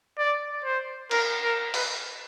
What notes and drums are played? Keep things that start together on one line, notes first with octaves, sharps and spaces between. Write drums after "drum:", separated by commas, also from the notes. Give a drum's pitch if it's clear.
D5
C5
A#4, drum: cymbal
A#4
B4, drum: open hi-hat